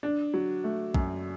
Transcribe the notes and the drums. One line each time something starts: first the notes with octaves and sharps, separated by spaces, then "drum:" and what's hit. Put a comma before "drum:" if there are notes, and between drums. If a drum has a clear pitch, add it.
D4
F#3
A3
F#2, drum: kick